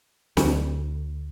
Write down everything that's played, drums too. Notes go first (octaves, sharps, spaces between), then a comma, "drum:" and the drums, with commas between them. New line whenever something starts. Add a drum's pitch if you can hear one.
D2, drum: snare